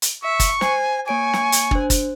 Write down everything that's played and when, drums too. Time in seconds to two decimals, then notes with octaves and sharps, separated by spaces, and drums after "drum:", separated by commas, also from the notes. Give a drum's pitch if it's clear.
0.02 drum: hi-hat
0.24 E5 C#6
0.40 drum: kick, hi-hat
0.61 C5 G#5 C7, drum: snare
1.08 A#3 C#5 G#5 C#6 D7
1.33 drum: snare
1.52 drum: hi-hat
1.71 D4 C5, drum: kick
1.90 drum: kick, hi-hat